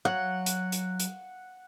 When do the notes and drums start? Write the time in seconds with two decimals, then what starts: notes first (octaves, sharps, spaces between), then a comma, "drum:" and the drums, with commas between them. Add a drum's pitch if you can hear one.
0.05 F#3 F#5
0.46 drum: hi-hat
0.72 drum: hi-hat
1.00 drum: hi-hat